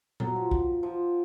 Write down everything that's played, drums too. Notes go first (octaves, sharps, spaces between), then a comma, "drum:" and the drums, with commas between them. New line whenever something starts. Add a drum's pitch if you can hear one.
F#3, drum: tom A#2
F3
drum: kick
F3